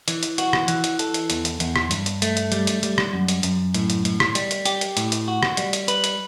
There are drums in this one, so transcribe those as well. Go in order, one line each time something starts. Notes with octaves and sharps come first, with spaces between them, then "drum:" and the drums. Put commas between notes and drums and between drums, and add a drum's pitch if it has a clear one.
E3, drum: hi-hat
drum: hi-hat
F#4, drum: hi-hat
drum: rim click
E3, drum: hi-hat
drum: hi-hat
A4, drum: hi-hat
drum: hi-hat
E2, drum: hi-hat
drum: hi-hat
E2, drum: hi-hat
drum: rim click
G2, drum: hi-hat
drum: hi-hat
A3, drum: hi-hat
drum: hi-hat
G3, drum: hi-hat
drum: hi-hat
G3, drum: hi-hat
drum: rim click
F#2
drum: hi-hat
F#2, drum: hi-hat
A2, drum: hi-hat
drum: hi-hat
A2, drum: hi-hat
drum: rim click
G3, drum: hi-hat
drum: hi-hat
G4, drum: hi-hat
drum: hi-hat
A2, drum: hi-hat
drum: hi-hat
F#4
drum: rim click
G3, drum: hi-hat
drum: hi-hat
B4, drum: hi-hat
drum: hi-hat